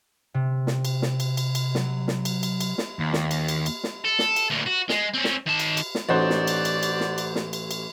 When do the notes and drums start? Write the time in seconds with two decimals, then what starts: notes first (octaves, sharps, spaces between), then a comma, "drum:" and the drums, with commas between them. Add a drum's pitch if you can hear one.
0.34 C3
0.67 drum: snare
0.85 drum: cymbal
1.02 drum: snare
1.20 drum: cymbal
1.37 drum: cymbal
1.55 drum: cymbal
1.75 F#3, drum: snare
2.08 drum: snare
2.25 drum: cymbal
2.43 drum: cymbal
2.60 drum: cymbal
2.78 drum: snare
2.99 D#2
3.13 drum: snare
3.31 drum: cymbal
3.48 drum: cymbal
3.66 drum: cymbal
3.84 drum: snare
4.05 A4
4.19 drum: snare
4.36 drum: cymbal
4.50 D2 A#2
4.66 F#4
4.89 G#3, drum: snare
5.14 C4 C#4
5.24 drum: snare
5.46 D#3 A5
5.60 drum: cymbal
5.77 drum: cymbal
5.95 drum: snare
6.09 A1 D#4 F#4 C5 D5
6.30 drum: snare
6.47 drum: cymbal
6.65 drum: cymbal
6.83 drum: cymbal
7.00 drum: snare
7.18 drum: cymbal
7.35 drum: snare
7.53 drum: cymbal
7.71 drum: cymbal